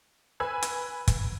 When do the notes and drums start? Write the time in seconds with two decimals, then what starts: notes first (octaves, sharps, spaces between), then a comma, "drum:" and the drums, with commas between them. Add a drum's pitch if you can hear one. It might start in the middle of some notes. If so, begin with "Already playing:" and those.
0.40 B4 G#5 B5 E6 G#6
0.63 drum: hi-hat
1.08 drum: kick, hi-hat